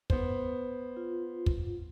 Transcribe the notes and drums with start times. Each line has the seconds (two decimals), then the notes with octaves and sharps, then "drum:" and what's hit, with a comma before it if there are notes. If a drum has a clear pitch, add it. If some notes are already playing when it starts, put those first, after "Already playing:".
0.10 B3 C5, drum: kick
0.97 F4
1.46 drum: kick